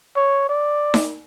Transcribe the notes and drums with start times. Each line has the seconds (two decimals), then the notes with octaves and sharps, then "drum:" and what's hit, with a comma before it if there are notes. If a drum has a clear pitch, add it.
0.16 C#5
0.49 D5
0.94 drum: snare D#4